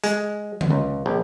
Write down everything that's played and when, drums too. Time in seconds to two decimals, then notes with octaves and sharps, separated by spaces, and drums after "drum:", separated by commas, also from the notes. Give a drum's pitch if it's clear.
0.04 G#3, drum: hi-hat
0.61 drum: tom D3
0.70 C#2
1.06 A#1